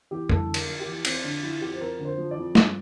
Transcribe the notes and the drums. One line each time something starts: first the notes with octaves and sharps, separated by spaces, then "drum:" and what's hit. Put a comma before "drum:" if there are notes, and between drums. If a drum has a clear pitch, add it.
E2 G4
E2 A4, drum: tom F2
D3
A#4, drum: cymbal
F3
G4
E2
F2 C4, drum: cymbal
D3 D4
F3 E4
F2 G4
C5
F2 A#4
D3
C5
F3
D5
F2
G2, drum: snare